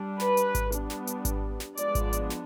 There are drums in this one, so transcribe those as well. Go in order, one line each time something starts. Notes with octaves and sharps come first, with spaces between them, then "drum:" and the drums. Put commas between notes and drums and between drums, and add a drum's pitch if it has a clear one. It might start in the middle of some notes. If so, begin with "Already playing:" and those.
Already playing: G3 D4
B4, drum: snare
drum: hi-hat
drum: kick G#1, hi-hat
G3 B3 D4, drum: hi-hat
drum: snare
drum: hi-hat
drum: kick G#1, hi-hat
drum: snare
F3 G#3 B3 D4 D5, drum: hi-hat
drum: kick G#1, hi-hat
drum: hi-hat
drum: snare